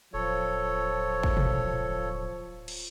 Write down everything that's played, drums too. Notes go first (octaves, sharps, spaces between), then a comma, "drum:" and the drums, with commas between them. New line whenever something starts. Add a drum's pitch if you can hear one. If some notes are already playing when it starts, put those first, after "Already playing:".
D1 F3 A4 C#5
drum: kick
drum: tom
drum: cymbal